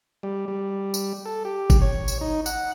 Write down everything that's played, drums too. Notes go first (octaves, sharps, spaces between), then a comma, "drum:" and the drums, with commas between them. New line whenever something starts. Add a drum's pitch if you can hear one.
G3
G3
drum: tambourine
A4
G4
drum: kick G1, tambourine
C#5
drum: tambourine
D#4
F#5, drum: tambourine